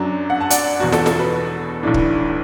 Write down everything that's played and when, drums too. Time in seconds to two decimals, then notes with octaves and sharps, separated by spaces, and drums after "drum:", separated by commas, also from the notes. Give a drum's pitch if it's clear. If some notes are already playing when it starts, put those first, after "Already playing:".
Already playing: F#2 F#3 D4
0.30 F#5
0.40 A5
0.50 D5 F#5, drum: hi-hat
0.80 E1 E2 B2 F#4
0.92 A4, drum: snare
1.06 A4, drum: snare
1.19 F#4 B4
1.83 B1 A2 E3 D4
1.94 drum: kick